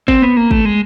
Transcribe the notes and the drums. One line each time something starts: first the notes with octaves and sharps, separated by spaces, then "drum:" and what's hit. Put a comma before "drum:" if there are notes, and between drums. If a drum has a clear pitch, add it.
C4, drum: kick
B3
A#3
A3, drum: kick
G#3